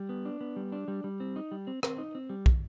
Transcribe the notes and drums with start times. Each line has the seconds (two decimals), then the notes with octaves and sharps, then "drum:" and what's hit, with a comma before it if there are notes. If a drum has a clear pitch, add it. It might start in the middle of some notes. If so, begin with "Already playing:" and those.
Already playing: G3
0.09 B3
0.25 D4
0.41 B3
0.56 G3
0.72 D4
0.88 G3
1.04 G3
1.20 C4
1.36 D#4
1.51 G3
1.67 C4
1.83 C4, drum: rim click
1.98 D#4
2.15 C4
2.30 G3
2.46 drum: kick